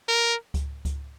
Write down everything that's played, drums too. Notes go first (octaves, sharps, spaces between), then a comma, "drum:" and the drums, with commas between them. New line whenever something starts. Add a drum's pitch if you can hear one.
A#4
drum: kick C#2, hi-hat
drum: kick C#2, hi-hat